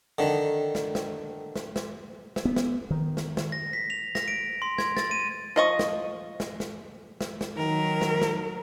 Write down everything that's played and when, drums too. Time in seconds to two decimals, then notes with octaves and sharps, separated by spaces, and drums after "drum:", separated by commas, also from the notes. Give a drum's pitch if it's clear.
0.18 D3 D#3
0.75 drum: snare
0.95 drum: snare
1.56 drum: snare
1.76 drum: snare
2.36 drum: snare
2.45 B3
2.56 drum: snare
2.91 D#3
3.17 drum: snare
3.37 drum: snare
3.52 A#6
3.73 B6
3.90 F7
4.15 A#6, drum: snare
4.28 D7
4.62 C6
4.78 G#6, drum: snare
4.97 A6, drum: snare
5.11 D#7
5.56 F3 D#5 C#6
5.79 drum: snare
6.40 drum: snare
6.60 drum: snare
7.21 drum: snare
7.41 drum: snare
7.57 D#3 F#3 A#4
8.01 drum: snare
8.21 drum: snare